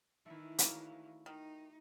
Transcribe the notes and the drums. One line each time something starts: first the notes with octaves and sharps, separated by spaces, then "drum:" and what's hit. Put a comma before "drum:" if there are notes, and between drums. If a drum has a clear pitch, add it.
D#3 E3 A3 E4
C#3 A#3 F#4, drum: hi-hat
D#3 D#4